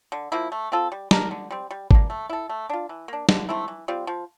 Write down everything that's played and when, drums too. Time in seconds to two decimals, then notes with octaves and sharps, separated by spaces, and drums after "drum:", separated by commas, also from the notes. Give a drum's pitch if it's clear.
0.12 D3
0.32 F3 A#3 E4
0.52 A3
0.72 C4 F4 A4
0.92 G3
1.11 D4 G4 A#4, drum: snare
1.31 D3
1.51 G3 C4
1.71 G3
1.91 A#3 D4, drum: kick G#1
2.10 A3
2.30 E4 A4
2.49 A3
2.69 D4 F4
2.89 E3
3.08 A#3 D4
3.29 D3, drum: snare
3.49 A3 C4 E4
3.68 E3
3.88 G3 C4 F4
4.07 F3